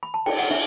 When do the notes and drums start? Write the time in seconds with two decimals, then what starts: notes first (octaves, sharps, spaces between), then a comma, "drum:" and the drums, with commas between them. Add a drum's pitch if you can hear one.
0.03 B5
0.14 A5
0.26 G5, drum: cymbal
0.39 F#5
0.51 D4 E5